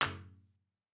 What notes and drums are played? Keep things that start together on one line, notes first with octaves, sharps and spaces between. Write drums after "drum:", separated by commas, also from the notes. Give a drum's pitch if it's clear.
F#2 A2 C#3, drum: clap